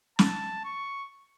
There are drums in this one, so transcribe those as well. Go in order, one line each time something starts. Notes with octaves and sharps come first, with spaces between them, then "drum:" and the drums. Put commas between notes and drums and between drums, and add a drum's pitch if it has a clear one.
A5, drum: snare
C#6